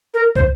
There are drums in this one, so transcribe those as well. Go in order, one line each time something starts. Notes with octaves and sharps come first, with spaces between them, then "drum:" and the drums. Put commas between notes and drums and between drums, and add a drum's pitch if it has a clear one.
A#4
C5, drum: kick